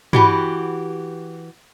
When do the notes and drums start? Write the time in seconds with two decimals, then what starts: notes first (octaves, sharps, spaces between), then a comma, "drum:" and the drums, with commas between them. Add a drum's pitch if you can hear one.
0.13 E3 F#4 G4, drum: tom